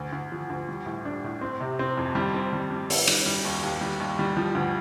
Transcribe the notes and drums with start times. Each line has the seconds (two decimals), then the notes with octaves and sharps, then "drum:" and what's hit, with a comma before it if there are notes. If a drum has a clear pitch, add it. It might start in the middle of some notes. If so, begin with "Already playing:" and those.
Already playing: D2
0.13 D2
0.32 F3
0.50 D2
0.69 G3
0.86 A2
1.05 D4
1.24 A2
1.41 C4
1.60 C3
1.79 C4
1.97 F2
2.15 G3
2.34 C4
2.53 G3
2.70 G3
2.90 G3, drum: open hi-hat
3.07 G3, drum: cymbal
3.26 G3
3.45 D#2
3.63 D#2
3.81 G3
4.00 D#2
4.19 G3
4.37 F3
4.55 D2